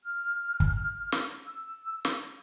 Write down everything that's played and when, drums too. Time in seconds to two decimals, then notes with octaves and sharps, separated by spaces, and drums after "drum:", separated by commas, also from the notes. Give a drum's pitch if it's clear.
0.04 F6
0.60 drum: kick
1.12 drum: snare
1.46 E6
2.05 drum: snare